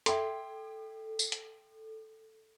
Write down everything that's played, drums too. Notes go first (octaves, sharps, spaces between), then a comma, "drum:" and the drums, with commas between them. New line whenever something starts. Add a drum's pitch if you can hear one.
A4 E5 G5 C6, drum: hi-hat
drum: tambourine
drum: hi-hat